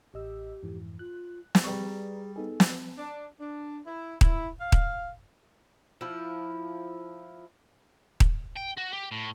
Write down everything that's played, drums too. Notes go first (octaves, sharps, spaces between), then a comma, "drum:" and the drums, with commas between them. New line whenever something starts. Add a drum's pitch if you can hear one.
A1 G4 D#5 E6
F2 G#2 E3
F4 F#6
drum: snare
G3 G#4 B4 D5 A#5 C#6
B3 D#4 G#4 A4
drum: snare
D4
D4
E4
E4, drum: kick D#1
F5
drum: kick D#1
F3 E4
drum: kick D#1
G5
F#4
G4
A2